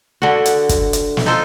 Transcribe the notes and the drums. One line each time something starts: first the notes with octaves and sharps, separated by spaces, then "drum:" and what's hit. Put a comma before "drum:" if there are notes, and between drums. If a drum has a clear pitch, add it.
D3 F#4
drum: hi-hat
drum: kick, hi-hat
drum: hi-hat
drum: snare
D#4 F4 A4 C5